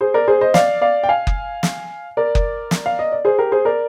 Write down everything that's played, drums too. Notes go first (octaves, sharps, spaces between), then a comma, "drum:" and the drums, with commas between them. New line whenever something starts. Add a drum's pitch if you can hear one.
G#4 C5
A#4 D5
G#4 C5
C5 D#5
D5 F5, drum: snare
D5 F5
G5
F5 G#5
drum: kick F#1
drum: snare
A#4 D5
drum: kick F#1
drum: snare
F5
D#5
D5
G#4 C5
G4 A#4
G#4 C5
A#4 D5